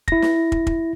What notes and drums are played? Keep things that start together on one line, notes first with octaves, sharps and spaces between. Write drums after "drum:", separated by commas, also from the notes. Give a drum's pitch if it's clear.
E4 A#6, drum: kick
drum: snare
drum: kick
drum: kick